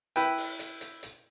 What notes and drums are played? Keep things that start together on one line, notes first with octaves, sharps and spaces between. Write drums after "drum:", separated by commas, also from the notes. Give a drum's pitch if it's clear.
E4 B4 G5, drum: hi-hat
drum: open hi-hat
drum: hi-hat
drum: hi-hat
drum: hi-hat